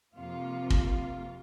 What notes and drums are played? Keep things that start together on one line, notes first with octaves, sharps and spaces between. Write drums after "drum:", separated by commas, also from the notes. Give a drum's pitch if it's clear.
F2 C3 F3 A#3 F4
drum: kick